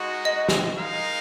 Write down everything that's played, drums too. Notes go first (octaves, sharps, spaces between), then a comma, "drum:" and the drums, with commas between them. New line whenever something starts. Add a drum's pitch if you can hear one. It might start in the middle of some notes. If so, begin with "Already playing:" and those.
Already playing: G#3 D#4 F#4
D#5
drum: snare
G#3 D#4 A#4 F5